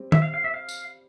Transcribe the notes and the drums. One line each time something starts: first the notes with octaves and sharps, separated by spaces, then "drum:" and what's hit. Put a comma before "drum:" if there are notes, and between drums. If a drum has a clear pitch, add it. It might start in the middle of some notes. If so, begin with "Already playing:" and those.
Already playing: G3 C4
E5, drum: tom
F5
F5
E5
F5
drum: tambourine